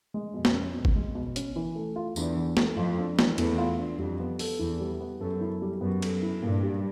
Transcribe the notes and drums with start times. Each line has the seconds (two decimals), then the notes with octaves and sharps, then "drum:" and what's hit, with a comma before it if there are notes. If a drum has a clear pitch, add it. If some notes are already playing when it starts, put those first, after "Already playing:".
0.14 G#3
0.34 F2 B2
0.45 drum: snare
0.54 C#4
0.74 B2
0.85 drum: kick G#1
0.96 G#3
1.15 B2
1.36 C#4, drum: hi-hat
1.56 E3
1.76 A3
1.96 F4
2.16 E2 D4, drum: tambourine
2.37 E3
2.57 A3, drum: snare
2.77 F2 F4
2.98 D4
3.19 E3, drum: snare
3.38 E2 A3, drum: cymbal
3.58 F4
3.79 D4
3.99 F2 G3
4.20 B3
4.39 A4, drum: open hi-hat
4.59 E2 E4
4.80 G3
5.00 B3
5.21 F#2 A4
5.41 E4
5.62 G3
5.81 F#2 B3
6.02 A4, drum: cymbal
6.23 E4
6.42 G2 A#2
6.63 G3